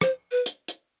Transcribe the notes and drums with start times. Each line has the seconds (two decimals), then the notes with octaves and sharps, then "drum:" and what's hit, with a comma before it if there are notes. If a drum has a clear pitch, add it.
0.01 C5, drum: rim click
0.31 B4
0.46 drum: hi-hat
0.68 drum: hi-hat